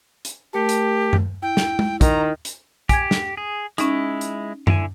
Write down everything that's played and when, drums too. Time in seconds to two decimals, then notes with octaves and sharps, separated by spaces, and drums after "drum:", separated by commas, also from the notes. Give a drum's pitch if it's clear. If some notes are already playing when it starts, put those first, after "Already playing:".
0.25 drum: hi-hat
0.53 A3 G4 A#4 A5
0.69 drum: hi-hat
1.13 drum: tom F#2
1.42 E4 G5
1.57 drum: snare
1.79 drum: tom
2.01 D#3 A#5, drum: kick, hi-hat
2.45 drum: hi-hat
2.89 G4 G#5 G#6, drum: kick, hi-hat
3.11 drum: snare
3.37 G#4
3.78 G#3 C#4 D#4 E4, drum: hi-hat
4.21 drum: hi-hat
4.67 D3 E4 G#5, drum: tom F#2